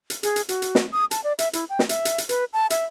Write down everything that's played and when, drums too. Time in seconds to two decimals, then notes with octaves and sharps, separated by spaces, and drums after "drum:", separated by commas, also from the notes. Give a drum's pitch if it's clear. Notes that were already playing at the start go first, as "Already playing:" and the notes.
0.10 drum: hi-hat
0.23 G#4, drum: hi-hat
0.36 drum: hi-hat
0.49 F#4, drum: hi-hat
0.62 drum: hi-hat
0.75 drum: snare
0.92 D#6
1.11 A5, drum: hi-hat
1.24 D5
1.39 E5, drum: hi-hat
1.53 E4, drum: hi-hat
1.69 G5
1.79 drum: snare
1.89 E5, drum: hi-hat
2.05 drum: hi-hat
2.18 drum: hi-hat
2.29 B4, drum: hi-hat
2.53 A5
2.70 E5, drum: hi-hat